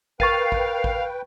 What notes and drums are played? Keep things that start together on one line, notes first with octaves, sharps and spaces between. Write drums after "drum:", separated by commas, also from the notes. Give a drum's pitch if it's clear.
A#4 B4 F5 G5 C#6 A6 C7 D#7, drum: kick A1
drum: kick A1
drum: kick A1